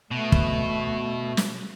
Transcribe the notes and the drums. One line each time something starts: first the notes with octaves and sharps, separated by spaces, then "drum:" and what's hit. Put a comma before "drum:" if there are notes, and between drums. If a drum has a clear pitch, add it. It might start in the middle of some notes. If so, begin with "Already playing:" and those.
B2 A3
drum: kick
drum: snare